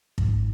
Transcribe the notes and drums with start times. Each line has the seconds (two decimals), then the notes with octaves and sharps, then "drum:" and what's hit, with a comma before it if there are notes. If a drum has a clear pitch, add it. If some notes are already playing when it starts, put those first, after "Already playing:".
0.18 G#2, drum: kick